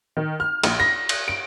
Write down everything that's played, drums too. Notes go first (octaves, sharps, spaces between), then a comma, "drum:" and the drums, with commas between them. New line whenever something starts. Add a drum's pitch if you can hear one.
D#3
F6
A#1, drum: cymbal
A#6
drum: cymbal
D7